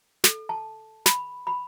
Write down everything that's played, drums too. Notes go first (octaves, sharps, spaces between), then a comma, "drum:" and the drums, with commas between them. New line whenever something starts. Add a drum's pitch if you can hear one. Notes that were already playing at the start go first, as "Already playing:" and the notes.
A4, drum: snare
A5
B5, drum: snare
B5